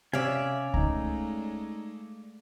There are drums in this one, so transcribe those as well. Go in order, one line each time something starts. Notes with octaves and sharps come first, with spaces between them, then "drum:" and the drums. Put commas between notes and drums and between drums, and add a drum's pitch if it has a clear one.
C3 C#4 D5 E5 F5 G#5
G#3 A3 D#4 A#5, drum: kick C#2